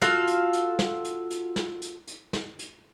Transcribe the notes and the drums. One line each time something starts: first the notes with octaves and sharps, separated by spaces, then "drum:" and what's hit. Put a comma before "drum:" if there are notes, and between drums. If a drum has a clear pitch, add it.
F4 F#4 A4 F5, drum: snare
drum: hi-hat
drum: hi-hat
drum: snare
drum: hi-hat
drum: hi-hat
drum: snare
drum: hi-hat
drum: hi-hat
drum: snare
drum: hi-hat